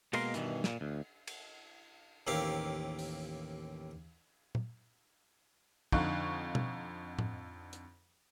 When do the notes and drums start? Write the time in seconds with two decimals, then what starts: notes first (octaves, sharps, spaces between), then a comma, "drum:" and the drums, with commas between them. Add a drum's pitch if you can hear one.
0.13 B2 G#3 A#3 A#4 A#5 C6, drum: cymbal
0.34 G2 B2 D#3 E3, drum: hi-hat
0.64 A#2, drum: snare
0.81 D2
1.27 drum: cymbal
2.27 A1 D#2 A#3 C4 E5 F5
2.99 drum: open hi-hat
4.55 drum: tom A#2
5.92 F2 D3 D#4 F5 C#6 F#6, drum: kick
6.55 drum: tom
7.19 drum: tom A2
7.73 drum: hi-hat